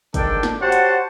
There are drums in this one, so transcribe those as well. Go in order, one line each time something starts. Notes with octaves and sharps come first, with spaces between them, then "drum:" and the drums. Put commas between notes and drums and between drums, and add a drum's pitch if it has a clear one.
G#2 D#3 D4 A4 D5 G5, drum: kick, hi-hat
drum: snare
F#4 G4 C5 C#5 F#5 A5
drum: hi-hat